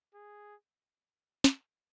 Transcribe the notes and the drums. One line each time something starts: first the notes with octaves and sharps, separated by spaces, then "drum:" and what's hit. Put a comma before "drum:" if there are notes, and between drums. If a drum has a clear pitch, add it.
G#4
drum: snare